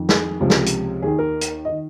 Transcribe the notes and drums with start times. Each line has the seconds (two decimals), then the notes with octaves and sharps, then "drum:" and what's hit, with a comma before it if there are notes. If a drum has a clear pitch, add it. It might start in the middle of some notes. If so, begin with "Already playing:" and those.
Already playing: F2 D#3
0.09 G#4, drum: snare
0.40 C#2 C3 F3
0.50 drum: snare
0.66 drum: hi-hat
1.02 D#2 D#3 G#4
1.19 A#4
1.41 drum: hi-hat
1.65 D#3 D#5